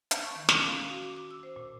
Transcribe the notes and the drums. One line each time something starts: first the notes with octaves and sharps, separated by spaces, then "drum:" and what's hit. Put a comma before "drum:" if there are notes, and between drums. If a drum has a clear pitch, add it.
drum: hi-hat
C#6
D#3
C#4, drum: snare
F5
D6
F#4
D6
D6
E6
C5
A#2